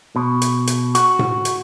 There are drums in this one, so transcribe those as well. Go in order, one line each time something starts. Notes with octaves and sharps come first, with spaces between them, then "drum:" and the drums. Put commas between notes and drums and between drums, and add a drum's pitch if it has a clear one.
B2
drum: hi-hat
drum: hi-hat
F#4, drum: hi-hat
drum: tom A2
drum: hi-hat